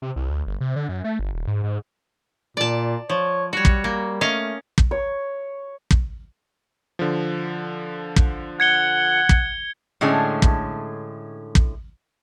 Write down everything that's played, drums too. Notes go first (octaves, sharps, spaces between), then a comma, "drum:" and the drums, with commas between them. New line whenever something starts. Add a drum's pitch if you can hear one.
C3
C2
D2
G1
C3
D3
F#2
A3
G1
D#1
G#2
G#2
A#2 D5 A5
F3 C#5
G3 F#4 C#5
drum: kick
A#3
A3 C#4 D#5 F5
drum: kick
C#5
drum: kick
D3 F3
drum: kick
F#5 G#6 C#7 G7
drum: kick
A2 D3 G#3 A3 C#4
drum: kick
drum: kick